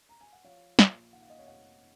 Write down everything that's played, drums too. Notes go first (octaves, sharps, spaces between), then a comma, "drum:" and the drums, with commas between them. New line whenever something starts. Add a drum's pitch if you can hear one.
A#5
G#5
F#5
F3 C#5 F5
A#1, drum: snare
D#3 F#5
F5
D#5
C#5 F5
F1 D#5 F#5